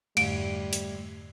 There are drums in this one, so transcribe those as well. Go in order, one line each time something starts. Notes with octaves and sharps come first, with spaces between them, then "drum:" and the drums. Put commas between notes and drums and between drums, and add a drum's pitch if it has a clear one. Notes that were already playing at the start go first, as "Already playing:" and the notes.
F2 G#2 D3 G3 A3 D7, drum: cymbal
drum: hi-hat